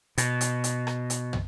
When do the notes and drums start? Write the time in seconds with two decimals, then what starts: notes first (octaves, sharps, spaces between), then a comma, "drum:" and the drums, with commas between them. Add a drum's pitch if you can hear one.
0.18 B2, drum: hi-hat
0.41 drum: hi-hat
0.64 drum: hi-hat
0.87 drum: rim click
1.10 drum: hi-hat
1.33 drum: tom